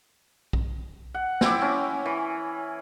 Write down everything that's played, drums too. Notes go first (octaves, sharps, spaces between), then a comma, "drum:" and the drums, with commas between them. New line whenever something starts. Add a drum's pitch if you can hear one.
drum: kick B1
F#5
C4 E4 D6, drum: snare
C#4
E3